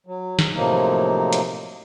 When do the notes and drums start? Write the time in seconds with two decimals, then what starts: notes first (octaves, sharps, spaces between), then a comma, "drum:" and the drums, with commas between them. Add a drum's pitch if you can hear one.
0.07 F#3
0.39 drum: snare
0.54 A2 C3 F3 F#3 A#3 D#4
1.33 drum: hi-hat